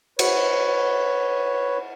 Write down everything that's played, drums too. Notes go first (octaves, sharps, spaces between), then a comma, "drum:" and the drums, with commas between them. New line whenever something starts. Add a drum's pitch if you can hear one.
B4 C#5, drum: cymbal